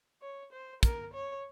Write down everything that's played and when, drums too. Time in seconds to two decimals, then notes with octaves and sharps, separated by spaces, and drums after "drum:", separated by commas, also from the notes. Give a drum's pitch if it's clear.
0.22 C#5
0.52 C5
0.83 A#4, drum: kick, hi-hat
1.14 C#5